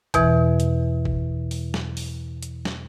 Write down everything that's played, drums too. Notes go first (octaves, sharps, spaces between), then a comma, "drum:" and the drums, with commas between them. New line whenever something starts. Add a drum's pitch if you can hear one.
E2 B2 E3, drum: kick G1, hi-hat
drum: hi-hat
drum: kick G1
drum: open hi-hat
drum: snare
drum: open hi-hat
drum: hi-hat
drum: snare